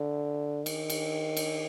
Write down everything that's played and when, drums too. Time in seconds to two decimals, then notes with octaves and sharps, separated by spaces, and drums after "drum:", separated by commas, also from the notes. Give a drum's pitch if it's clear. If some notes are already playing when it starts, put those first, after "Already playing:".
Already playing: D3
0.66 D#3, drum: cymbal
0.90 drum: cymbal
1.37 drum: cymbal